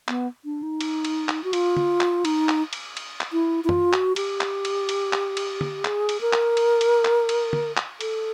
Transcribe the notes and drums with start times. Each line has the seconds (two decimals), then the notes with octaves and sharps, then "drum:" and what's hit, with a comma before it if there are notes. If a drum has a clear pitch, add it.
0.08 B3, drum: clap
0.45 D4
0.63 D#4
0.81 drum: cymbal
1.05 drum: cymbal
1.29 drum: clap
1.44 F#4
1.53 F4, drum: cymbal
1.77 drum: tom
2.01 drum: clap
2.25 D#4, drum: cymbal
2.49 drum: clap
2.73 drum: cymbal
2.97 drum: cymbal
3.21 drum: clap
3.33 E4
3.64 E4
3.69 F4, drum: tom
3.93 F#4, drum: clap
4.16 G4, drum: cymbal
4.41 drum: clap
4.65 drum: cymbal
4.89 drum: cymbal
5.13 drum: clap
5.37 drum: cymbal
5.61 drum: tom
5.85 G#4, drum: clap
6.09 drum: cymbal
6.21 A#4
6.33 drum: clap
6.57 drum: cymbal
6.81 drum: cymbal
7.05 drum: clap
7.29 drum: cymbal
7.53 drum: tom
7.77 drum: clap
8.01 A4, drum: cymbal